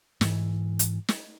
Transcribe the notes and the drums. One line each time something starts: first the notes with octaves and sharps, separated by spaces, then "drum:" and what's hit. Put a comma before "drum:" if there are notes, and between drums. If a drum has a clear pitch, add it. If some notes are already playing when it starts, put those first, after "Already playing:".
G#2 E3, drum: snare
drum: hi-hat
drum: snare